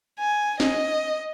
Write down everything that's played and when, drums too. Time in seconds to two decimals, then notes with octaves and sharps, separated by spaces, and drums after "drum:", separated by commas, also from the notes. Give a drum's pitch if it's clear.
0.20 G#5
0.60 D#5, drum: snare